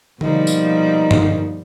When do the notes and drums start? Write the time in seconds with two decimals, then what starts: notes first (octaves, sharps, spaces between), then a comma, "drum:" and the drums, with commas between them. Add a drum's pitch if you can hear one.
0.21 B2 F3 G3 A#3 D#4, drum: tom D3
0.47 drum: tambourine
1.11 drum: tom G2